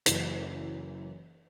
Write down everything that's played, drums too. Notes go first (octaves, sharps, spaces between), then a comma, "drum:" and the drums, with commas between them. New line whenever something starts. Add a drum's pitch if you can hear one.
F#1 F#2 E3 C7 E7, drum: hi-hat